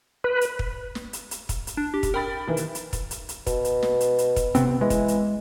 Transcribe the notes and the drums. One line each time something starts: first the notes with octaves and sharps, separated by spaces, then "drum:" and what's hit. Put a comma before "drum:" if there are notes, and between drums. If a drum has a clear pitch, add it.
B4
drum: hi-hat
drum: kick
drum: snare
drum: hi-hat
drum: hi-hat
drum: kick, hi-hat
drum: hi-hat
D4
G4
drum: kick, hi-hat
A#4 G5 B5 A6
D#3 E3
drum: hi-hat
drum: hi-hat
drum: kick, hi-hat
drum: hi-hat
drum: hi-hat
B2, drum: kick, hi-hat
drum: hi-hat
drum: snare
drum: hi-hat
drum: hi-hat
drum: kick, hi-hat
C3 B3 C4, drum: hi-hat
E3 G#3
drum: kick, hi-hat
drum: hi-hat